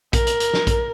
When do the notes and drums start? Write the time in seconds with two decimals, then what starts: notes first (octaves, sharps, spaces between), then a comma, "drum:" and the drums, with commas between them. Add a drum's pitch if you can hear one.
0.13 A#4, drum: kick A#1, hi-hat
0.27 drum: hi-hat
0.40 drum: hi-hat
0.54 drum: snare
0.67 drum: kick A#1, hi-hat